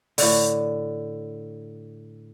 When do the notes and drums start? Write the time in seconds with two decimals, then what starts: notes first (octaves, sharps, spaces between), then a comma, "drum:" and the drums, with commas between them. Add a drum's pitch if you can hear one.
0.18 A2 D3, drum: open hi-hat